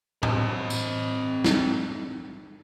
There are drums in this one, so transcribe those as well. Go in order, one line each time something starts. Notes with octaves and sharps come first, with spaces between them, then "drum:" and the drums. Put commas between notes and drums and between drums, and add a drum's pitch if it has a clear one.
C4 D#5, drum: tom A2
drum: tambourine
drum: snare